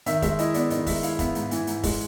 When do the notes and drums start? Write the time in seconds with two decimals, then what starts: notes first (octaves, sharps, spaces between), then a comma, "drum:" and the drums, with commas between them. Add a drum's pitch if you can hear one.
0.06 D#3 E5, drum: hi-hat
0.22 G#3 E5, drum: kick, hi-hat
0.39 E4 D#5, drum: hi-hat
0.54 B3 D5, drum: hi-hat
0.70 D#3 D#5, drum: hi-hat
0.86 G#3 E5, drum: kick, open hi-hat
1.03 E4 F5, drum: hi-hat
1.19 B3 E5, drum: kick, hi-hat
1.35 G#2, drum: hi-hat
1.51 E3, drum: hi-hat
1.67 G#2, drum: hi-hat
1.83 G#3, drum: kick, open hi-hat